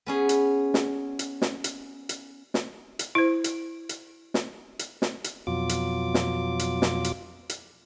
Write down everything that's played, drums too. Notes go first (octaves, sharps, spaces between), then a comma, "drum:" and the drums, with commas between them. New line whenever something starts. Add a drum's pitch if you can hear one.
B3 C#4 G#4
drum: hi-hat
drum: snare
drum: hi-hat
drum: snare
drum: hi-hat
drum: hi-hat
drum: snare
drum: hi-hat
E4 C5
drum: hi-hat
drum: hi-hat
drum: snare
drum: hi-hat
drum: snare
drum: hi-hat
F2 B2 F#3 F4 D6
drum: hi-hat
drum: snare
drum: hi-hat
drum: snare
drum: hi-hat
drum: hi-hat